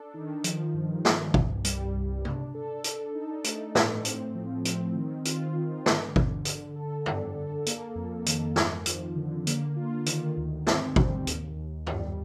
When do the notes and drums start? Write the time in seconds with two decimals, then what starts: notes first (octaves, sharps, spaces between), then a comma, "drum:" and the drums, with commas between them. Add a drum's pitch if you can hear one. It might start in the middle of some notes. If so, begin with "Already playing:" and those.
Already playing: D4 A4
0.14 D#3
0.44 F3, drum: hi-hat
0.74 G2
1.05 G2, drum: snare
1.34 C2, drum: kick
1.64 G3, drum: hi-hat
1.95 C2
2.25 D4, drum: tom C3
2.54 A4
2.84 D4, drum: hi-hat
3.14 D#4
3.44 A3, drum: hi-hat
3.75 A2, drum: snare
4.05 C4, drum: hi-hat
4.35 F3
4.65 C4, drum: hi-hat
4.95 D#3
5.25 F4, drum: hi-hat
5.55 D#3
5.86 D3, drum: snare
6.16 D3, drum: kick
6.45 D3, drum: hi-hat
6.76 A4
7.06 D4, drum: tom
7.36 A4
7.66 A#3, drum: hi-hat
7.95 F2
8.26 D#3, drum: hi-hat
8.56 F2, drum: snare
8.86 F3, drum: hi-hat
9.16 D3
9.47 A#3, drum: hi-hat
9.76 F4
10.06 D#3, drum: hi-hat
10.37 D2
10.67 C4, drum: snare
10.96 G3, drum: kick
11.27 D#2, drum: hi-hat
11.57 D#2
11.87 G3, drum: tom